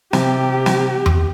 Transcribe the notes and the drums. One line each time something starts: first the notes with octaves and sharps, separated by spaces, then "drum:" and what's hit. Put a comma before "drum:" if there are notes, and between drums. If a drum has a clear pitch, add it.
C3 G4, drum: snare
drum: snare
drum: tom E2